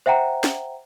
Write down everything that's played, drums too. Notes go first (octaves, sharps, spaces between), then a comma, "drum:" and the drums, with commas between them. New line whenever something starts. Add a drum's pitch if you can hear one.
C5 E5 F#5 G5 A#5
drum: snare